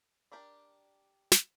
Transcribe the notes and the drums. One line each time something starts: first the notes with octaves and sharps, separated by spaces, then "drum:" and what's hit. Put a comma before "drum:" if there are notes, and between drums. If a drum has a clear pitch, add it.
D4 G4 A#4 D5
drum: snare